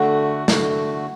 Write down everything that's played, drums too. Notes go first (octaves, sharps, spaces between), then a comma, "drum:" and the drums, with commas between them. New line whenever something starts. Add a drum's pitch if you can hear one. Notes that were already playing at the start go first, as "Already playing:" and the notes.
Already playing: D3 A3 F#4 F#5
D3 A3 F#4, drum: snare